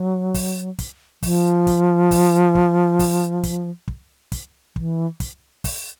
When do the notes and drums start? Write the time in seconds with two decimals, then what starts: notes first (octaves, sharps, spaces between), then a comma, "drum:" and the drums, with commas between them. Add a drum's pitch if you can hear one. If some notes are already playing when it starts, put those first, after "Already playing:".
Already playing: F#3
0.34 drum: kick, open hi-hat
0.79 drum: kick, hi-hat
1.23 F3, drum: kick, open hi-hat
1.67 drum: kick, hi-hat
2.11 drum: kick, open hi-hat
2.55 drum: kick
2.99 drum: kick, open hi-hat
3.43 drum: kick, hi-hat
3.88 drum: kick
4.32 drum: kick, hi-hat
4.76 E3, drum: kick
5.20 drum: kick, hi-hat
5.64 drum: kick, open hi-hat